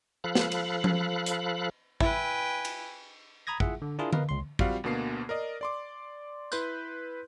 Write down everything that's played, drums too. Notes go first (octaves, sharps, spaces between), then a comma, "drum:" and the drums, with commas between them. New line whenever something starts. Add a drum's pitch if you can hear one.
F3 A4 F5 B5 F#6
drum: snare
drum: cymbal
drum: tom F3
drum: hi-hat
E4 B4 G5 G#5, drum: kick
drum: cymbal
A#5 B5 D#6 G#6 A#6
E4 F4 G#4 E5 F#5, drum: kick
D3
D4 E4 F4 G#4 A#4
A#4 B4 D#5 F5, drum: tom D3
C#2 C6
G3 C4 F4 F#4 F5 F#5, drum: kick
D2 B2 D3 A#3 B3 C7
A#4 D5 D#5
D5 C6 D6
E4 B4 C6 F#6 G6, drum: tambourine